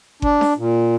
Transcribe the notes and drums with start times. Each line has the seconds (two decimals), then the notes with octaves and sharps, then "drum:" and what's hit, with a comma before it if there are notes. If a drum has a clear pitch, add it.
0.22 D4, drum: kick G1
0.41 drum: snare D4
0.58 A#2